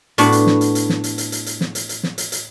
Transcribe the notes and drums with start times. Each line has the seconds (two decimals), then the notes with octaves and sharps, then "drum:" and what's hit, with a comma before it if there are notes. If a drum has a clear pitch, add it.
0.18 A2 B3 D4 F#4, drum: hi-hat
0.32 drum: hi-hat
0.47 drum: snare
0.61 drum: hi-hat
0.75 drum: hi-hat
0.89 drum: snare
1.04 drum: hi-hat
1.18 drum: hi-hat
1.32 drum: hi-hat
1.46 drum: hi-hat
1.61 drum: snare
1.75 drum: hi-hat
1.89 drum: hi-hat
2.03 drum: snare
2.18 drum: hi-hat
2.32 drum: hi-hat